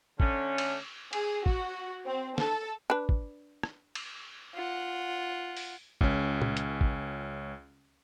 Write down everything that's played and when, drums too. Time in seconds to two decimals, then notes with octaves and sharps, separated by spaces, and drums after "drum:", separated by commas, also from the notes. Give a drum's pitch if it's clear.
0.20 D3 A3 C#4, drum: kick
0.58 drum: cymbal
1.13 G#4, drum: cymbal
1.46 F#4, drum: kick
2.05 C4
2.38 A4, drum: snare
2.90 D4 B4
3.09 drum: kick
3.63 drum: rim click
3.95 drum: cymbal
4.55 F4 F#5
5.57 drum: open hi-hat
6.01 C#2 C#4, drum: kick
6.42 drum: tom A#2
6.57 drum: hi-hat
6.81 drum: kick